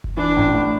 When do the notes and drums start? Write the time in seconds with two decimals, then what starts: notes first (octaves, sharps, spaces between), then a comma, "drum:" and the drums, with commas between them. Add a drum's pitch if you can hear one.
0.04 drum: kick F#1
0.17 E3 D4
0.36 A1
0.55 A2